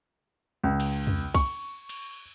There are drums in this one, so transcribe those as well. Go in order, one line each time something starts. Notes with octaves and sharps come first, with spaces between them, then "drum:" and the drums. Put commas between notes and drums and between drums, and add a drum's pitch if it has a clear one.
C#2
drum: cymbal
drum: tom E2
C#6, drum: kick C2, cymbal
drum: cymbal